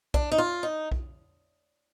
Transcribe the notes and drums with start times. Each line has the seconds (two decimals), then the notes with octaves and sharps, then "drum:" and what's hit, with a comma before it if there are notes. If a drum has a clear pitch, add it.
0.14 D4, drum: kick B1
0.32 D#4
0.38 F4
0.63 D#4
0.91 drum: kick B1